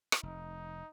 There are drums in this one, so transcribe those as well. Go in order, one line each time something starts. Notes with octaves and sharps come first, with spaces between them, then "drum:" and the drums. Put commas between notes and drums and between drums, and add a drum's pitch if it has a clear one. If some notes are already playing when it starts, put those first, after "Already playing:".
drum: rim click
F1 D#4